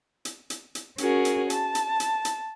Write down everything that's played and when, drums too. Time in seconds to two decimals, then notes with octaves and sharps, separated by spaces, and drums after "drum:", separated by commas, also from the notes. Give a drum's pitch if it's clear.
0.25 drum: hi-hat
0.50 drum: hi-hat
0.75 drum: hi-hat
0.98 C#4 F#4 G#4 A#4, drum: hi-hat
1.25 drum: hi-hat
1.50 A5, drum: hi-hat
1.75 drum: hi-hat
2.00 drum: hi-hat
2.25 drum: hi-hat